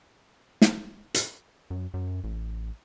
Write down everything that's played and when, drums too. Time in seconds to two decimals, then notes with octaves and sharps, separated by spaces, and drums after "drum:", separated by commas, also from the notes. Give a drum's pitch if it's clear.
0.62 drum: snare
1.14 drum: hi-hat
1.70 F#2
1.94 F#2
2.24 A1